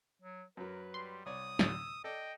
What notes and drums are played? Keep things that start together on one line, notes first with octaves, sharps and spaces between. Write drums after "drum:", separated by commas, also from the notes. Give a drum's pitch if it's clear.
F#3
F#2 F#3 A#4 B4
G3 C6
C2 C#5 D5 D#6
D2 A2 E6, drum: snare
A4 D5 D#5 G5